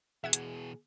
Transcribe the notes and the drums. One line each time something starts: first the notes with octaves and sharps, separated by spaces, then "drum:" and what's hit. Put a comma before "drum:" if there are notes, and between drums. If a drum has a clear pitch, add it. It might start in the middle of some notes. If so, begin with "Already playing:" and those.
B2 E3 G#4 E5 F#5 G#6
drum: hi-hat